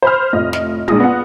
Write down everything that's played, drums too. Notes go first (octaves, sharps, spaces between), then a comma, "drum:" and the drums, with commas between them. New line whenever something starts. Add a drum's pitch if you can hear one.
C5 B5 F6
F1 A2 F4 D#5
drum: snare
A#1 G#3 D#6 A#6, drum: tom
B3 F4 F#5